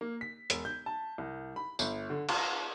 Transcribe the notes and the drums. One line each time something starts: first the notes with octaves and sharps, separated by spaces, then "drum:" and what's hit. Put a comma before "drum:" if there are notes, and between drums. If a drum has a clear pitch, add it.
A#3
B6
E1, drum: hi-hat
G6
A5
C2
B5
G1, drum: tambourine
D3
F5, drum: cymbal